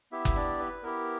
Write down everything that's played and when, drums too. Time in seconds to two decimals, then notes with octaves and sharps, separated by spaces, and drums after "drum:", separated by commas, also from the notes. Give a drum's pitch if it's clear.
0.12 B3 E4 G4 E5
0.25 drum: kick F#1
0.36 D4 D5
0.60 B4
0.83 B3 E4 G4 A#4